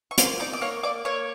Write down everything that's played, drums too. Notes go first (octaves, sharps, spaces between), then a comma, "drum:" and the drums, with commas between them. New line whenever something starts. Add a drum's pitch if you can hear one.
C#6
A#3 C5 C6, drum: hi-hat
D#4 D5 D6
D6
A#3 C#5 C#6
A#3 D5 D6
A#3 C#5 C#6